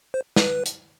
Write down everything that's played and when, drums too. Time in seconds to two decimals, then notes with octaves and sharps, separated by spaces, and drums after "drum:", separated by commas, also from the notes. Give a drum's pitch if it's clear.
0.14 C5
0.36 B4, drum: snare
0.66 drum: hi-hat